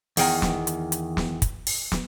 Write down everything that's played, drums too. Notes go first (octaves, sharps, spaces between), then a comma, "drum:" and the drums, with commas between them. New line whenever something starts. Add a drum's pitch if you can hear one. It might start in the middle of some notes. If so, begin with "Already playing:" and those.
E2 D#3, drum: open hi-hat
drum: snare
drum: hi-hat
drum: hi-hat
drum: snare
drum: kick, hi-hat
drum: open hi-hat
drum: snare